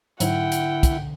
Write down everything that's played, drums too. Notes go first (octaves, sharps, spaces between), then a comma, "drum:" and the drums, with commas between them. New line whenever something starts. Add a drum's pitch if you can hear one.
G#2 D3 F#3 E4 F#5 G5, drum: hi-hat
drum: hi-hat
drum: kick, hi-hat